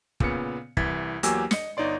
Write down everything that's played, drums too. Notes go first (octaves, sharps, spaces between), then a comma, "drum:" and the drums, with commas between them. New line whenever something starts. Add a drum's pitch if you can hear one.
A#2 C#3 B3 C#7, drum: kick
C2 E3 G#6 A6 B6, drum: kick
E2 F#3 A#3 G4 G#5 E6, drum: hi-hat
D#5 C#7, drum: snare
G1 D#4 C#5 D5 C6